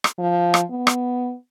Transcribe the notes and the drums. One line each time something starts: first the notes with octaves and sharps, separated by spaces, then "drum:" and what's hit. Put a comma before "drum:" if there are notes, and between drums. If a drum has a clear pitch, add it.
drum: rim click
F3
drum: rim click
B3
drum: rim click